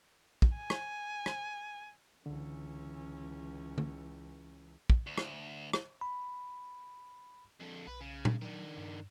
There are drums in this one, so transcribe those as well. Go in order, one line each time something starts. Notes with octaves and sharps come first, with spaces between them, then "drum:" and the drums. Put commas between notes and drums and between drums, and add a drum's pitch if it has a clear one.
drum: kick
G#5
drum: rim click
drum: rim click
C#2 D3 E3 C#4
drum: tom D3
drum: kick
D2
drum: rim click
drum: rim click
B5
F2 D3
B1 B4
C#3
drum: tom A#2
D#3 F#3 D4
G2